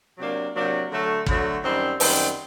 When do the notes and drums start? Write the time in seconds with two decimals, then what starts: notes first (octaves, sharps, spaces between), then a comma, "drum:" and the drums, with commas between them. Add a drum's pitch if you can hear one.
0.18 C3 F#3 A#3 D4
0.54 C3 F#3 A#3 D4
0.90 D3 F#3 A3
1.27 D3 F#3 A3, drum: kick
1.63 F#2 D#3 G3 C4
2.00 F#2 D#3 G3 C4, drum: open hi-hat